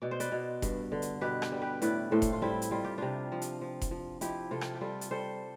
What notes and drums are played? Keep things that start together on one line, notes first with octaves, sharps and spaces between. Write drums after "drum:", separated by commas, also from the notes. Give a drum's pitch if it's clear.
B2 D5
C5
B4 D5, drum: hi-hat
B2
G2, drum: kick F1, hi-hat
D3
drum: hi-hat
B2 G4 B4
drum: rim click
G3
G4 B4
A2 B4 D5, drum: hi-hat
A2 A4 C5
drum: kick F1, hi-hat
F4
G3 C4 E4
drum: hi-hat
G3 F4
G4
C3 D4 F4
F3
drum: hi-hat
F3
drum: kick F1, hi-hat
F3
F3 E4 G4, drum: hi-hat
C3 F4 A4
drum: rim click
G4
G3 F4 A4
drum: hi-hat
G3 A4 C5